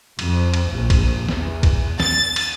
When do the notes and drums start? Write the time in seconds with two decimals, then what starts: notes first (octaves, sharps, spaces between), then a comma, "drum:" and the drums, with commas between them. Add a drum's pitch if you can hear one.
0.19 F2, drum: cymbal
0.54 drum: cymbal
0.74 A#1
0.90 drum: kick B1, cymbal
1.29 E2, drum: snare
1.63 drum: kick B1, cymbal
2.00 A6, drum: snare
2.36 drum: cymbal